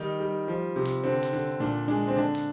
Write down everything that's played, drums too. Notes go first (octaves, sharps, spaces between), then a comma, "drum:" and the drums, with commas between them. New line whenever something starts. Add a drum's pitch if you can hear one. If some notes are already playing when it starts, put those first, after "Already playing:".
Already playing: D#3 G3 D#4
G3
F3
C3
drum: hi-hat
D3 C4
drum: open hi-hat
D3
A#2 D4
G#3 D4
C4
D3 D4
drum: hi-hat